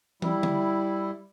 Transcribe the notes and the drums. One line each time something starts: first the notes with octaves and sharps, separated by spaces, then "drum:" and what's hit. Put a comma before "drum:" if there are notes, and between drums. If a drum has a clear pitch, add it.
G3 E4, drum: tom
drum: tom D3